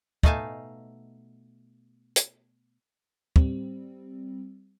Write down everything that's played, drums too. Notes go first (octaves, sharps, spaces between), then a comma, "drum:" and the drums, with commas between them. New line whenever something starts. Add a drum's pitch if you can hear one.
B2 A3 D#4 F5 G#5 A5, drum: kick
drum: hi-hat
G3 C4, drum: kick